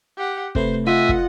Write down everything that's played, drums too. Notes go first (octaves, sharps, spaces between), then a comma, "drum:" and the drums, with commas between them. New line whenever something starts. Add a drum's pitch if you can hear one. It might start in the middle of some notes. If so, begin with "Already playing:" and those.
G4 F#5
C3 A3 B4 C5, drum: kick
F4 D#5 E5 F#5 G#5 E6
drum: kick